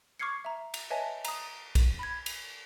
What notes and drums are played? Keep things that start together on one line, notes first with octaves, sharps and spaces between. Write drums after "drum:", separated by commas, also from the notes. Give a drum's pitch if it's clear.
C#6 D6 F6 G#6 C7 C#7
E5 A#5
drum: cymbal
B4 C#5 D#5 E5 G#5 A5
A#5 D#6, drum: cymbal
drum: kick, cymbal
B5 G#6
drum: cymbal